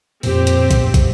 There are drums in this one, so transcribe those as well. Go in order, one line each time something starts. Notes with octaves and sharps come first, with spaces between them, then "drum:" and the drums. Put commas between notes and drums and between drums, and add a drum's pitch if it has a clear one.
F2 A#2 C4 G4, drum: open hi-hat
drum: hi-hat
drum: kick, hi-hat
drum: kick, hi-hat